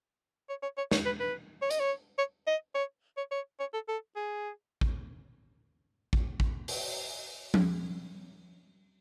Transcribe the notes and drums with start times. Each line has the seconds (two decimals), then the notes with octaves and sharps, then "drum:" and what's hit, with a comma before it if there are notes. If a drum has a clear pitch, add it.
0.49 C#5
0.63 C#5
0.78 C#5
0.91 C#5, drum: snare
1.06 B4
1.20 B4
1.62 C#5
1.71 D#5, drum: hi-hat
1.80 C#5
2.19 C#5
2.47 D#5
2.75 C#5
3.17 C#5
3.32 C#5
3.60 C#5
3.74 A4
3.88 A4
4.16 G#4
4.81 drum: kick A1
6.13 drum: kick A1
6.40 drum: kick A1
6.68 drum: open hi-hat
7.54 drum: tom F3